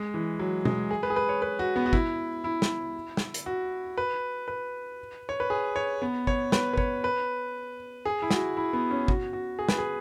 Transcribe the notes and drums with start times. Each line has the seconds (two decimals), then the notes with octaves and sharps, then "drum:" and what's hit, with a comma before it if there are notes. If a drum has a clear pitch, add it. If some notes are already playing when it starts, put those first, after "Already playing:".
Already playing: G#3
0.14 E3
0.39 F#3
0.65 G#3, drum: tom B2
0.91 G#4
1.03 B4
1.10 G#4
1.16 B4
1.29 C#5
1.42 B4
1.59 F#4
1.76 B3
1.86 F#4
1.93 E4, drum: kick
2.44 E4
2.62 drum: snare
3.17 drum: snare
3.34 drum: hi-hat
3.46 F#4
3.98 B4
4.48 B4
5.29 C#5
5.40 B4
5.50 G#4
5.76 C#5
6.02 B3
6.27 C#5, drum: kick
6.52 B4, drum: snare
6.73 B4
6.78 C#5, drum: kick
7.04 B4
8.05 G#4
8.22 E4
8.31 F#4, drum: snare
8.57 E4
8.73 B3
8.91 C#4
9.08 F#4, drum: kick
9.33 F#4
9.59 G#4
9.69 B4, drum: snare
9.78 G#4